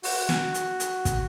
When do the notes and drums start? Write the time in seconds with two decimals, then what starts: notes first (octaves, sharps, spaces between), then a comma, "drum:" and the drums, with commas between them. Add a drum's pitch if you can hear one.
0.03 F#4, drum: open hi-hat
0.29 drum: snare
0.54 drum: hi-hat
0.80 drum: hi-hat
1.05 drum: kick, hi-hat